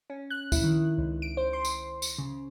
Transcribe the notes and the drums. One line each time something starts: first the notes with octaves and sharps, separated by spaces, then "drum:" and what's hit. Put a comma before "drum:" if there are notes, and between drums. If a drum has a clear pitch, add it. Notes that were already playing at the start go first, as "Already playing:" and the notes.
C#4
F#6
E4, drum: kick D2, tambourine
D#3
C#2
D7
C5
C6
drum: tambourine
drum: tambourine
C#3